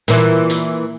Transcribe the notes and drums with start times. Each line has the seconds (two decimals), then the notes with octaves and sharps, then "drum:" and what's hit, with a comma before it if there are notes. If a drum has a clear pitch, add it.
0.08 A#2 E3, drum: hi-hat
0.50 drum: hi-hat